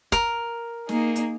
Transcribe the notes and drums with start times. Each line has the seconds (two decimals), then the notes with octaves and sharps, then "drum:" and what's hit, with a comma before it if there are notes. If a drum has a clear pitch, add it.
0.12 A#4, drum: kick, hi-hat
0.89 A#3 D#4 G#4, drum: snare
1.15 drum: hi-hat